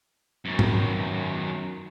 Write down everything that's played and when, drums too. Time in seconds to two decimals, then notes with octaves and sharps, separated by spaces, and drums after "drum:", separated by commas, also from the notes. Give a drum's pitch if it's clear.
0.45 F#2 D#3
0.59 drum: tom G#2